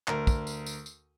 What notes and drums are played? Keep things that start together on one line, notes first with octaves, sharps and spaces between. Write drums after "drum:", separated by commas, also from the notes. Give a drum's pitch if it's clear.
D2 A#4, drum: clap
drum: kick, tambourine
drum: tambourine
drum: tambourine
drum: tambourine